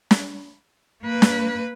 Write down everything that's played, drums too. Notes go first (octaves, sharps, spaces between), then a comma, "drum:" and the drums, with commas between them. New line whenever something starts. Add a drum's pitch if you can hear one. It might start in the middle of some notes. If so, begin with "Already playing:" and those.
drum: snare
A#3 B4
drum: snare